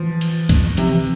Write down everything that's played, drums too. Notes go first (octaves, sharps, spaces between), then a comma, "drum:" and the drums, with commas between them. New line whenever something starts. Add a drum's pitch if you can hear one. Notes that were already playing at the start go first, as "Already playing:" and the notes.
Already playing: E3 F3
drum: cymbal
drum: kick C#2, cymbal
C3 F3, drum: cymbal
E3